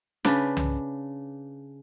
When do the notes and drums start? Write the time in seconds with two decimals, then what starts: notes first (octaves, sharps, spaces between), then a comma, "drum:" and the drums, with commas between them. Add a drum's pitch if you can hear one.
0.25 C#3 D4 B4, drum: snare
0.57 drum: tom C2